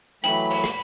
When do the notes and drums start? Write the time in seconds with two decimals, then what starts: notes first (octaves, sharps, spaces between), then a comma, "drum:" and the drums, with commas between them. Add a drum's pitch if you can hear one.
0.24 E3 F#3 A3 G5 B5 F#7, drum: hi-hat
0.50 drum: open hi-hat
0.64 drum: rim click